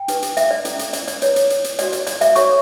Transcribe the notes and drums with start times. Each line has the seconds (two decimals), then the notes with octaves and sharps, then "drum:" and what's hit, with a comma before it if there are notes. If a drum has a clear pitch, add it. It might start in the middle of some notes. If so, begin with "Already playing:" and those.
Already playing: G5
0.08 D4 G4 B4, drum: hi-hat
0.22 drum: hi-hat
0.37 E5, drum: hi-hat
0.51 D5
0.65 C#4 E4 A4, drum: hi-hat
0.79 drum: hi-hat
0.93 D5, drum: hi-hat
1.08 D5, drum: hi-hat
1.22 E4 B4 C#5, drum: hi-hat
1.36 drum: hi-hat
1.50 drum: hi-hat
1.64 drum: hi-hat
1.79 F#4 C#5 D5, drum: hi-hat
1.92 D5, drum: hi-hat
2.07 D5, drum: hi-hat
2.21 E5, drum: hi-hat
2.36 F#4 A4 C#5 C#6, drum: hi-hat